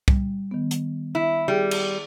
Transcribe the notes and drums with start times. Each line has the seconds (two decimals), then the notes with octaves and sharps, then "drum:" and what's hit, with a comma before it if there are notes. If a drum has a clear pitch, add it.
0.08 G3, drum: kick
0.51 D#3 B3
0.71 drum: hi-hat
1.15 E4
1.48 G3 G#4 G5
1.71 drum: cymbal